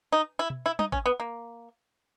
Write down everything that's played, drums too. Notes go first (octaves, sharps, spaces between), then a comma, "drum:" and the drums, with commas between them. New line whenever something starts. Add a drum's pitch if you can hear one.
D#4
E4
drum: tom B2
E4
D#4, drum: tom
C#4, drum: kick A1
B3
A#3